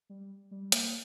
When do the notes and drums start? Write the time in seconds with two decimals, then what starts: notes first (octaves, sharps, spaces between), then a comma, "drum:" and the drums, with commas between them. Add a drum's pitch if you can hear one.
0.09 G3
0.51 G3
0.72 A#3, drum: hi-hat